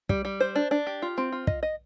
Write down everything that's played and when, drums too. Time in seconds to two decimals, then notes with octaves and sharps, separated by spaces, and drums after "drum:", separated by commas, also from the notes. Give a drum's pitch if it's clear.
0.09 G3, drum: kick
0.25 G3
0.40 C5
0.56 D4
0.71 D4
0.87 G4
1.02 F4
1.18 C4
1.32 F4
1.47 D#5, drum: kick
1.63 D#5